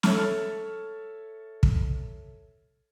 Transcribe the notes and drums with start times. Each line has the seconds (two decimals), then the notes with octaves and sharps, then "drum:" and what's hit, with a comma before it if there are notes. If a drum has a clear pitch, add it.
0.03 A4 C#5 E5 A5 F6, drum: snare
1.63 drum: kick